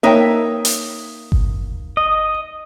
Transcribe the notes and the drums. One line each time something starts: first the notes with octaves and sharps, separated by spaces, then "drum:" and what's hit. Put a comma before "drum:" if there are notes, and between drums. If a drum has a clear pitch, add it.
A#3 D#4 B4 C#5 E5 G5
drum: hi-hat
drum: kick G1
D#5